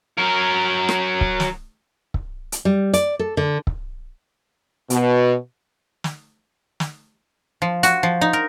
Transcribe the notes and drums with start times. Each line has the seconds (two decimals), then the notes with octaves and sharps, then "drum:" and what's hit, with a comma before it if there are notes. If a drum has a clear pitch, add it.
0.18 F#3 A#4
0.89 drum: rim click
1.21 drum: kick C#1
1.40 drum: snare
2.14 drum: kick C#1
2.52 drum: hi-hat
2.65 G3
2.93 D5, drum: hi-hat
3.19 A4
3.37 D3
3.67 drum: kick C#1
4.90 B2, drum: hi-hat
6.04 drum: snare
6.80 drum: snare
7.62 F3
7.83 F#4, drum: hi-hat
8.03 F3
8.21 D#4
8.33 A#4